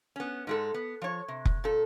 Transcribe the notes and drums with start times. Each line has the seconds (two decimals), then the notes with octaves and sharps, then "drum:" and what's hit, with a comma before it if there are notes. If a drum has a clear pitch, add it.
0.16 B3 C#4
0.47 G#2 G#3 A4
0.74 B3
1.02 F3 C#5
1.28 C3
1.45 drum: kick F1
1.64 A#2 A4